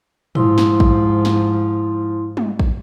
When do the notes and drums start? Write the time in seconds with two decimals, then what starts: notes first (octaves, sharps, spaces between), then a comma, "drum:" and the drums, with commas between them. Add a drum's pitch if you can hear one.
0.35 G#2 F3 E4 C6 D#6, drum: tom
0.58 drum: snare
0.80 drum: kick
1.25 drum: snare
2.37 drum: tom
2.59 drum: kick